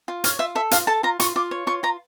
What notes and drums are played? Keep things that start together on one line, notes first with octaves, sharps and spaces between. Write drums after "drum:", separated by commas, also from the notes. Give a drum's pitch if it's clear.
F4
C#5 F5, drum: hi-hat
F4 E5
A4 E5
F4 F5, drum: hi-hat
A4 A5
F4 A#5
F4 C#6, drum: hi-hat
F4 D6
C#5
F4 C#6
F4 A#5